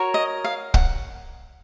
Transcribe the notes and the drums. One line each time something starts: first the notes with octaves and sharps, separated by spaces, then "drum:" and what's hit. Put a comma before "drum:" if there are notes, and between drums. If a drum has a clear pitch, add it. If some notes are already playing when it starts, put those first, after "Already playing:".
Already playing: F#4 A#4 C#5
D#5
F5
F#5, drum: kick